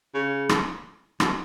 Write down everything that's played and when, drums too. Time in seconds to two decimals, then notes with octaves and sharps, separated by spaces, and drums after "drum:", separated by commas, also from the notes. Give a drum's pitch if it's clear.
0.14 C#3
0.49 drum: rim click
1.20 B2, drum: rim click